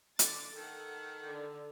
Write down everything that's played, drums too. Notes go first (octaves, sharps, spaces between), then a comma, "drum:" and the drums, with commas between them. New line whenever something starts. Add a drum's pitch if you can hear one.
D3 D6 A6, drum: hi-hat
D#3 A4 F#5
D3